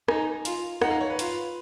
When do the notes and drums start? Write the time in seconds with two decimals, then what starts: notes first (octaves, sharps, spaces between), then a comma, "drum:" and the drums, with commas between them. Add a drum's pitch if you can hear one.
0.08 D#4 G#5, drum: rim click
0.45 F4, drum: hi-hat
0.82 D#4 F#5, drum: rim click
0.91 F5
1.01 C#5
1.10 B4
1.19 F4, drum: hi-hat